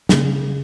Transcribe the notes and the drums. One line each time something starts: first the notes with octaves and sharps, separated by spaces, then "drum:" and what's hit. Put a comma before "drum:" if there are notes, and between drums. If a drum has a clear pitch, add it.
C#3 A#3, drum: snare